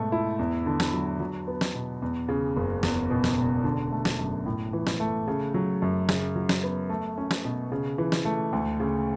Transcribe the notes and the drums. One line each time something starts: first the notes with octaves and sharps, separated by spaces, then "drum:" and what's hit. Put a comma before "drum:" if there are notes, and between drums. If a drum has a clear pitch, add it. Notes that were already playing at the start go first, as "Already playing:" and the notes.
Already playing: G#2 B2 A3
E4
E2
D3
drum: snare
F#3
F#3
B3
drum: snare
B2
E2
C#3
F#1
E2, drum: snare
B2
drum: snare
E1
D3
A3
drum: snare
F#2
A2
E3
drum: snare
A3
C#3
F#3
F#2
C#3, drum: snare
F#3
drum: snare
B3
A3
C#4
drum: snare
B2
C#3
E3
drum: snare
A3
D2
C#3